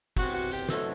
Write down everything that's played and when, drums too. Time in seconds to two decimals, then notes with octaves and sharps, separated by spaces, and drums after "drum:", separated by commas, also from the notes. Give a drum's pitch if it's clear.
0.17 E2 C3 F#3 F#4, drum: kick, open hi-hat
0.34 F#4
0.51 G4, drum: hi-hat
0.69 B2 F#3 A3 C4 E4 A4, drum: snare